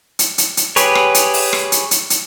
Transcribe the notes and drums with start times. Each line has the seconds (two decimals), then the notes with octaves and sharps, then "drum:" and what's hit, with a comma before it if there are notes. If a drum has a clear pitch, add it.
0.19 drum: hi-hat
0.38 drum: hi-hat
0.57 drum: hi-hat
0.76 G4 G#4 B4 C#5, drum: hi-hat
0.95 drum: rim click
1.14 drum: hi-hat
1.34 drum: open hi-hat
1.53 drum: rim click
1.72 drum: hi-hat
1.91 drum: hi-hat
2.10 drum: hi-hat